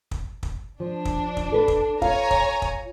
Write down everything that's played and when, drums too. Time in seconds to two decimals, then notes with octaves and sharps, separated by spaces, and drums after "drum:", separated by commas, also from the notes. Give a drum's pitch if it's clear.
0.11 drum: kick
0.43 drum: kick
0.80 F3 D4
1.05 drum: kick
1.37 drum: kick
1.52 A4 B4
1.68 drum: kick
2.02 F4 C#5 F5 G#5 A#5, drum: kick
2.31 drum: kick
2.62 drum: kick